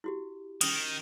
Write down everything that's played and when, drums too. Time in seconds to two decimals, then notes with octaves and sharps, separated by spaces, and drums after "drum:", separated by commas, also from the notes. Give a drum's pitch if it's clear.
0.04 E4 F#4 G4
0.61 D#3 C#4 D#6, drum: cymbal